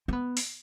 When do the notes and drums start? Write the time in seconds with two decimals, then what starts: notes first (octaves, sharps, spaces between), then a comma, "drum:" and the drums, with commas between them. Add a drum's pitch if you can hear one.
0.08 C4
0.13 B3
0.37 drum: open hi-hat